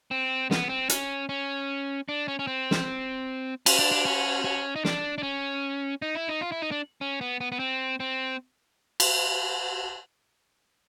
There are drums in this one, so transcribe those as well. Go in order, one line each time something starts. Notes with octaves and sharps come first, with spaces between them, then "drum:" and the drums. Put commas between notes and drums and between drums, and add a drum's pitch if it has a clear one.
C4
B3, drum: snare
C4
C#4, drum: hi-hat
C#4
D4
C#4
C#4
C4
drum: snare
C#4, drum: cymbal
D4
D4
C#4
C#4
D#4
D4, drum: snare
D4
C#4
D#4
E4
D#4
F4
E4
D#4
D4
C#4
B3
B3
B3
C4
C4
drum: cymbal